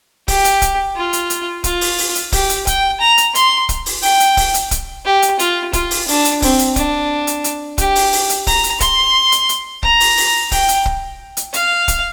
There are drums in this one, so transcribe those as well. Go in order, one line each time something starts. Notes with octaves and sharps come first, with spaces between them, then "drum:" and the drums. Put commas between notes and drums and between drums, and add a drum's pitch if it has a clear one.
G4, drum: kick, open hi-hat
drum: hi-hat
drum: kick, hi-hat
F4
drum: hi-hat
drum: hi-hat
F4, drum: kick, hi-hat
drum: open hi-hat
drum: open hi-hat
drum: hi-hat
G4, drum: kick, open hi-hat
drum: hi-hat
G5, drum: kick, hi-hat
A#5
drum: hi-hat
C6, drum: hi-hat
drum: kick, hi-hat
drum: open hi-hat
G5, drum: open hi-hat
drum: hi-hat
drum: kick, open hi-hat
drum: hi-hat
drum: kick, hi-hat
G4
drum: hi-hat
F4, drum: hi-hat
F4, drum: kick, hi-hat
drum: open hi-hat
D4, drum: open hi-hat
drum: hi-hat
C4, drum: kick, open hi-hat
drum: hi-hat
D4, drum: kick, hi-hat
drum: hi-hat
drum: hi-hat
G4, drum: kick, hi-hat
drum: open hi-hat
drum: open hi-hat
drum: hi-hat
A#5, drum: kick, open hi-hat
drum: hi-hat
C6, drum: kick, hi-hat
drum: hi-hat
drum: hi-hat
A#5, drum: kick
drum: open hi-hat
drum: open hi-hat
G5, drum: kick, open hi-hat
drum: hi-hat
drum: kick
drum: hi-hat
F5, drum: hi-hat
drum: kick, hi-hat